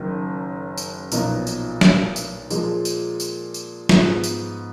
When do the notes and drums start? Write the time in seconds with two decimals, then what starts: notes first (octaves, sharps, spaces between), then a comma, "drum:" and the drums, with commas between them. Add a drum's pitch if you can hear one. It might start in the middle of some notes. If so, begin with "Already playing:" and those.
Already playing: F#1 F#2 D#3
0.78 drum: tambourine
1.12 B1 A#2 F3 B3 D#4, drum: tambourine
1.47 drum: tambourine
1.81 drum: snare
2.16 drum: tambourine
2.50 A#2 F3 G#3, drum: tambourine
2.85 drum: tambourine
3.20 drum: tambourine
3.54 drum: tambourine
3.89 G#2 F3 B3 F4, drum: snare
4.24 drum: tambourine